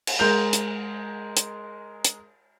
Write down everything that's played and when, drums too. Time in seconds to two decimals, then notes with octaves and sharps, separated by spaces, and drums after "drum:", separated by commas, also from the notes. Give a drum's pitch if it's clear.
0.07 drum: cymbal
0.19 G#3 A#4 G6 F7
0.53 drum: hi-hat
1.37 drum: hi-hat
2.05 drum: hi-hat